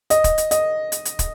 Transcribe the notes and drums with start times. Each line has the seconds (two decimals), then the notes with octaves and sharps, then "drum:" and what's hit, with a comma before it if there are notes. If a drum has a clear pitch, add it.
0.10 D#5, drum: hi-hat
0.24 drum: kick, hi-hat
0.38 drum: hi-hat
0.51 D#5, drum: hi-hat
0.92 drum: hi-hat
1.05 drum: hi-hat
1.19 drum: kick, hi-hat